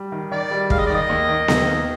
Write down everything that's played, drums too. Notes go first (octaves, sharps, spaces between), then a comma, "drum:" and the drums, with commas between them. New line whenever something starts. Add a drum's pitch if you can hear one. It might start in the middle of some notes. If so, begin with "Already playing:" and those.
Already playing: G3
D#3
D#3 D5
G3
G#3 F5, drum: kick
D#5
D#3 D5
D#5
D#2
D#3
D#2, drum: snare B3
D#3